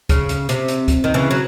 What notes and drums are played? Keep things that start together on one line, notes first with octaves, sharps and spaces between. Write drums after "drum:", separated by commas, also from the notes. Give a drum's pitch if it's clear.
C#3, drum: kick, hi-hat
drum: hi-hat
C3, drum: hi-hat
drum: hi-hat
drum: kick, hi-hat
D#3
C#3 E3
F#3